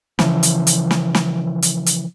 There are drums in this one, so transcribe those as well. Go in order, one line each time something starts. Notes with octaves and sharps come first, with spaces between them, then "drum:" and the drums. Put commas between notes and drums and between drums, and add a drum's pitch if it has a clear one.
C#3 E3 F3, drum: snare
drum: hi-hat
drum: hi-hat
drum: snare
drum: snare
drum: hi-hat
drum: hi-hat